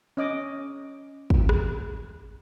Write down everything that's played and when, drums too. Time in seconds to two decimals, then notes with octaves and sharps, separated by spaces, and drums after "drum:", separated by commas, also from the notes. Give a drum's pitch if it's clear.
0.17 C#4 D#5 D6
1.30 drum: kick
1.49 drum: rim click